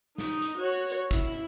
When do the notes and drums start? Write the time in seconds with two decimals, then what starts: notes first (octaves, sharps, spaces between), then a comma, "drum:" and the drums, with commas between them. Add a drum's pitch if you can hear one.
0.18 D#4, drum: snare
0.42 drum: hi-hat
0.57 F#4 C#5
0.90 drum: hi-hat
1.11 E4, drum: kick